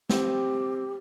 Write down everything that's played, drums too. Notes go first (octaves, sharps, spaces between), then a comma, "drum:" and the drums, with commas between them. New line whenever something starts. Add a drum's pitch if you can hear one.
C4 G4, drum: snare